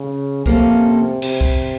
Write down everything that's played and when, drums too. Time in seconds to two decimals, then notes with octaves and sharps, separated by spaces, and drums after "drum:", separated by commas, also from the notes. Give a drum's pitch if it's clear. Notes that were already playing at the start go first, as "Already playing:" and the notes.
Already playing: C#3
0.46 C3 F3 A#3 C#4 A4, drum: kick
1.22 C3, drum: cymbal
1.41 drum: kick